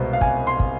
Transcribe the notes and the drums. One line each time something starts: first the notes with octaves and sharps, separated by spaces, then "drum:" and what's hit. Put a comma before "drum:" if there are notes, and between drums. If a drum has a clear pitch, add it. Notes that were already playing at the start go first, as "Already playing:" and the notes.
Already playing: C2 B2 G#3 B3 C5
F5
G#5, drum: kick
C6
drum: kick